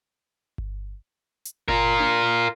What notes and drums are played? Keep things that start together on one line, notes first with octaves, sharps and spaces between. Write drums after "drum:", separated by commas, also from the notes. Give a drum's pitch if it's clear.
drum: kick G1
drum: hi-hat
F4 A#4, drum: kick G1
drum: tom D4